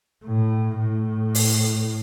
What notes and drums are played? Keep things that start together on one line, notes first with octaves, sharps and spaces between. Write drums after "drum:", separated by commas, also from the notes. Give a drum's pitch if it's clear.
A2
A2
drum: open hi-hat